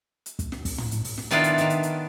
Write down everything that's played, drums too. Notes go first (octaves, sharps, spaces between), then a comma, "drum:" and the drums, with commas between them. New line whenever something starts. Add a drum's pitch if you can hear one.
drum: hi-hat
drum: kick, hi-hat
drum: snare
drum: kick, open hi-hat
drum: tom
drum: hi-hat
drum: open hi-hat
drum: snare
D#3 B3 D4 E4 F4 D5, drum: hi-hat
drum: hi-hat
D#3 D4, drum: hi-hat
drum: hi-hat
drum: hi-hat